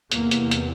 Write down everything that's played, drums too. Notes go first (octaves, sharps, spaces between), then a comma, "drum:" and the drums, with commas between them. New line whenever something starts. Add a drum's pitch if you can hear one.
E2 C3 A#3, drum: hi-hat
drum: hi-hat
drum: hi-hat